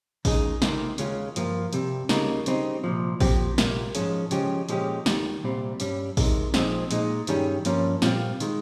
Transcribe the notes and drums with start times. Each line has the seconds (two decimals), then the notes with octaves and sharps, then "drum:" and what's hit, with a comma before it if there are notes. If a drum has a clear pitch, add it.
0.25 D#2 C#3 G#3 D#4 G#4, drum: kick A1, open hi-hat
0.62 C#2 C3 D#3 A#3, drum: snare
0.98 D#2 C#3 G#3 C#4 F4, drum: hi-hat
1.36 G2 F3 A#3 F4, drum: hi-hat
1.73 C2 C3 G3, drum: hi-hat
2.09 C#2 C#3 G3 A#3 D#4, drum: snare
2.46 C#3 G3 C4 D#4, drum: hi-hat
2.84 C2 A#2 F3
3.20 A#2 F3 C4 G4, drum: kick A1, open hi-hat
3.58 C2 A#2 G3 A#3, drum: snare
3.95 G#2 F3 G#3 C#4 G#4, drum: hi-hat
4.31 C#3 F3 G#3 C#4 G4, drum: hi-hat
4.69 A#2 F3 G#3 C#4 G4, drum: hi-hat
5.06 D#2 D#3 G3, drum: snare
5.43 C2 A#2 G3 C4
5.80 G2 G3 C#4, drum: hi-hat
6.17 C3 D#3 G#3, drum: kick A1, open hi-hat
6.54 A#2 F3 C4 D#4 G#4, drum: snare
6.91 A#2 G#3 D#4, drum: hi-hat
7.27 G2 D#3 G3 C#4 G#4, drum: hi-hat
7.65 G2 F3 A#3 C#4, drum: hi-hat
8.02 A#2 G3 C4 F4, drum: snare
8.40 D#3 G#3, drum: hi-hat